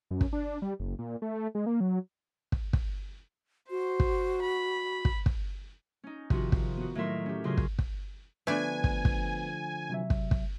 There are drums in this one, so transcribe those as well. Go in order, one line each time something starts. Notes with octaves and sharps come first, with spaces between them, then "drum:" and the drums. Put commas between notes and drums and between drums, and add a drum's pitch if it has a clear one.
F#2
drum: kick
D4
G3
F#1
A#2
A3
G#3
A#3
F#3
drum: kick
drum: kick
F#4 C5
drum: kick
B5
drum: kick
drum: kick
C#4 D#4
C3 D#3 F3 F4 F#4, drum: kick
drum: kick
B3 F#4
A2 D#3 F#3 A#4 E5 C6
C#4 G4
C#3 F#3 F4 D#5 G#5 C6
drum: kick
drum: kick
D3 F3 A3 B3 D4 B4 G#5
drum: kick
drum: kick
C3 F#3 E5
drum: kick
drum: kick